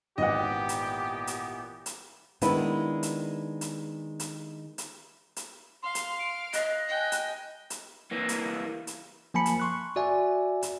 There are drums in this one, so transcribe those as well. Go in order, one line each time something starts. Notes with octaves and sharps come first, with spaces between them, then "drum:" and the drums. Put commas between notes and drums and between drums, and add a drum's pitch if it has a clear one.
G#1 A#2 E3 B3 G4 D#5 F#5
drum: hi-hat
drum: hi-hat
drum: hi-hat
D#3 G#3 B3 D4 E4, drum: hi-hat
drum: hi-hat
drum: hi-hat
drum: hi-hat
drum: hi-hat
drum: hi-hat
F5 C6 F6
drum: hi-hat
D7
D#5 F#6, drum: hi-hat
G5 G#5
drum: hi-hat
drum: hi-hat
E3 A#3
drum: hi-hat
drum: hi-hat
F3 A#3 G#5 A5 B5 C#7
drum: hi-hat
C6 C#6 F#6
F#4 D5 E5 G#5
drum: hi-hat